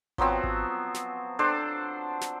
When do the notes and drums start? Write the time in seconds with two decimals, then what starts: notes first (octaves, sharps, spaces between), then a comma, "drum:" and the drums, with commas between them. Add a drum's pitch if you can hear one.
0.18 F3 F#3 B3 C4, drum: kick G#1
0.44 drum: kick G#1
0.94 drum: snare
1.39 D4 A4 C5
2.21 drum: snare